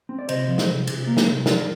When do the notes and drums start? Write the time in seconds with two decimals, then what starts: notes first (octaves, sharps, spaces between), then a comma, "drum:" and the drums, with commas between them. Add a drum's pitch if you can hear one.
0.09 C4
0.19 D5
0.29 C3 C5 D#5, drum: cymbal
0.48 F3
0.58 drum: snare
0.68 C3
0.87 C3, drum: cymbal
1.07 A#3
1.17 drum: snare
1.26 C3
1.46 F3 A#4 D5, drum: snare